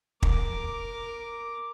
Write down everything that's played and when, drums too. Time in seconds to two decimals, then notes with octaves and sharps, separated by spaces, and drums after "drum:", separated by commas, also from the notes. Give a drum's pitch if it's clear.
0.23 A#4 D6, drum: kick